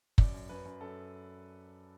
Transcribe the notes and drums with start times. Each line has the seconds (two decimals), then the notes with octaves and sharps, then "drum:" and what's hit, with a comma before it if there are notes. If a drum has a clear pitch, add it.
0.18 F#2 D5, drum: kick
0.34 F#2
0.49 F#2 B4
0.65 F#2
0.81 F#2 A4